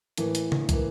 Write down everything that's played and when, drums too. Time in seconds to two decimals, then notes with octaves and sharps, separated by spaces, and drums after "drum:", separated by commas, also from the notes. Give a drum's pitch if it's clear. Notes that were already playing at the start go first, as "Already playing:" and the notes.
0.18 A2 E3 A#3, drum: hi-hat
0.35 drum: hi-hat
0.52 drum: tom C#3
0.69 A2 E3 A#3, drum: kick, hi-hat